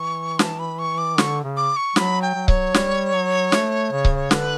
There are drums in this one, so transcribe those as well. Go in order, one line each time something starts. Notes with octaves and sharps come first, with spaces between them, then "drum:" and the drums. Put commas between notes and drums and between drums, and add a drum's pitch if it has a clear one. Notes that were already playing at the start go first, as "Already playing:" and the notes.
Already playing: E3 C#6
A5, drum: snare
B5
C#6
D6
D3 C#6, drum: snare
C#3
D6
C#6
F#3 B5, drum: snare
G5
F#3
C#5, drum: kick C#1
G3, drum: snare
F#3
A3, drum: snare
C#3
drum: kick C#1
D3 B4, drum: snare